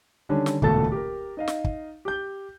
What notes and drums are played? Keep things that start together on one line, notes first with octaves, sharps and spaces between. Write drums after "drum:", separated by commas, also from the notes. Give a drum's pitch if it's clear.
D3 D#3 G3 C#4 D4
drum: snare
D#1 C#2 B2 A3 A4 A6, drum: kick
G4 A#4
D#4 D#5 F5
drum: snare
drum: kick
G4 G6